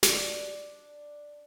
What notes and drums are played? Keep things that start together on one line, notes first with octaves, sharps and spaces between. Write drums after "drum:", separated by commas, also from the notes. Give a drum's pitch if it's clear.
D4, drum: snare